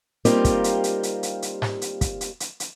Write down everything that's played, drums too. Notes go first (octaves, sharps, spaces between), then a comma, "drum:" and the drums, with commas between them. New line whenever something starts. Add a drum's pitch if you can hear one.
G3 A#3 C4 D#4 F4 G4, drum: hi-hat
drum: kick, hi-hat
drum: hi-hat
drum: hi-hat
drum: hi-hat
drum: hi-hat
drum: hi-hat
drum: snare G#2
drum: hi-hat
drum: kick, hi-hat
drum: hi-hat
drum: hi-hat
drum: hi-hat